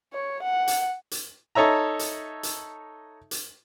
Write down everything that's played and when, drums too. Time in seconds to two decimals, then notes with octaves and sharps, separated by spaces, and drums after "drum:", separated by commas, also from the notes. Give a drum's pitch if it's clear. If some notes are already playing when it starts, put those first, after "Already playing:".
0.13 C#5
0.43 F#5
0.68 drum: hi-hat
1.11 drum: hi-hat
1.55 D#4 A4 C#5 E5 A#5
1.99 drum: hi-hat
2.43 drum: hi-hat
3.31 drum: hi-hat